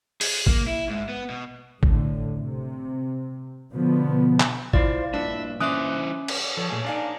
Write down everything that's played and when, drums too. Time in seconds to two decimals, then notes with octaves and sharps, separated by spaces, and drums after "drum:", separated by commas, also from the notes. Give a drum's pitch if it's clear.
0.21 G#4, drum: open hi-hat
0.47 A#3, drum: kick
0.67 E4
0.89 G#2
1.09 B3
1.30 B2
1.83 A2 D3, drum: kick
2.38 C3
3.72 B2 D3 F3 B3
4.40 drum: clap
4.73 E4 F4 C5 D5, drum: kick
5.14 G2 A#2 D4 E5
5.60 E3 C#4 C5 E5 D6 D#6 F#6
6.28 drum: cymbal
6.57 F3 A4 C#5
6.69 A#2 A3 G#4
6.85 D4 D#4 D5 F5 G#5